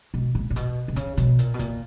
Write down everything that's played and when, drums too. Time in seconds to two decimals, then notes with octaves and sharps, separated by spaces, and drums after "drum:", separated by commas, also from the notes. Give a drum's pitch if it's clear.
0.14 B2
0.35 A#2
0.50 A#2
0.56 B2, drum: hi-hat
0.88 C3
0.96 C#3, drum: kick, hi-hat
1.17 B2, drum: hi-hat
1.39 A#2, drum: hi-hat
1.54 B2
1.59 A#2, drum: kick, hi-hat